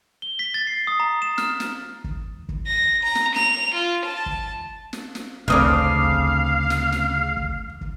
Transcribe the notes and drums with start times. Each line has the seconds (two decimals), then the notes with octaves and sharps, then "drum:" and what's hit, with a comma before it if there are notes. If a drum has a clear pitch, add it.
0.22 G7
0.39 B6
0.54 A6
0.67 C7
0.87 D#6
1.00 A#5
1.22 E7
1.38 F6, drum: snare
1.60 drum: snare
2.04 drum: kick
2.49 drum: kick
2.67 A#6
3.04 A#5
3.15 drum: snare
3.36 F7, drum: snare
3.75 F4
4.06 A5
4.26 drum: kick
4.93 drum: snare
5.15 drum: snare
5.48 D2 C#3 C4 D4 F5 D6 D#6 F6
5.59 drum: kick
6.04 drum: kick
6.70 drum: snare
6.92 drum: snare
7.37 drum: kick
7.81 drum: kick